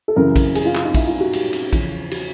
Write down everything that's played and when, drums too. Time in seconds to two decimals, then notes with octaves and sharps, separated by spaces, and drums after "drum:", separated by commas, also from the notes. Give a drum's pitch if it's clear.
0.08 A4
0.16 F#2 C#3 E3 A#4
0.36 drum: kick, cymbal
0.55 G#4, drum: cymbal
0.65 F4
0.75 F4, drum: clap
0.84 D#4
0.94 E4, drum: kick, cymbal
1.07 F4
1.20 F#4
1.33 G4, drum: cymbal
1.53 drum: cymbal
1.73 E2 C#3 F3, drum: kick, cymbal
2.11 F#4, drum: cymbal